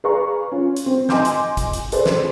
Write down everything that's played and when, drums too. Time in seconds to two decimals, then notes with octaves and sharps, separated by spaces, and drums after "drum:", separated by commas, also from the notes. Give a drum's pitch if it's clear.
0.04 G#4 B4 D5 F5 A#5 C#6
0.52 C#4 F4
0.77 drum: hi-hat
0.86 C4
1.09 D#5 G#5 C6 D6 G6, drum: snare
1.25 drum: hi-hat
1.57 drum: kick, hi-hat
1.73 drum: hi-hat
1.92 G#4 A4 B4 C5 D5, drum: hi-hat
2.06 drum: snare